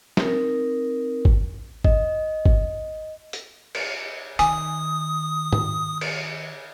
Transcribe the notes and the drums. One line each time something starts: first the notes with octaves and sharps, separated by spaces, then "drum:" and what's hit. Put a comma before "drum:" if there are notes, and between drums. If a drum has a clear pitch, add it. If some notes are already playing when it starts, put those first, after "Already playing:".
C4 D#4 A#4, drum: snare
drum: kick G#1
D#5, drum: kick G#1
drum: kick G#1
drum: hi-hat
drum: cymbal
D#3 G#5 D#6, drum: hi-hat
drum: tom
drum: cymbal